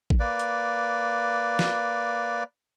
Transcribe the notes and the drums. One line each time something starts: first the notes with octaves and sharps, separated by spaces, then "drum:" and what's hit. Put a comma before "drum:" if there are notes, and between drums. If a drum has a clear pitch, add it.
drum: kick A1
A#3 B4 D5
drum: hi-hat
drum: snare